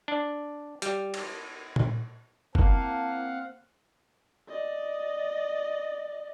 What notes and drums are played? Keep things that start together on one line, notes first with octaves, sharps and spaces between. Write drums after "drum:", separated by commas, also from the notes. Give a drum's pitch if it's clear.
D4
G3, drum: hi-hat
drum: cymbal
drum: tom A#2
A#3 C4 E4 F5 F#5 A5, drum: kick
D5 D#5